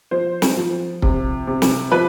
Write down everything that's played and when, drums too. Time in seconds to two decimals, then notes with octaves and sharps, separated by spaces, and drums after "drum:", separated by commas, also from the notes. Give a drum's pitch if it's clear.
0.11 F3 C5
0.42 drum: snare
0.57 F3
1.02 C3, drum: kick C#1
1.47 C3
1.62 drum: snare
1.92 F3 B4